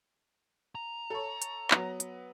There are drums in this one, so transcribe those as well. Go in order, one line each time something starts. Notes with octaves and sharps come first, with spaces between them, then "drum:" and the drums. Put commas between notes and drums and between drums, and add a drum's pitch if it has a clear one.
A#5
A4 C#5
drum: hi-hat
F#3 B3, drum: clap
drum: hi-hat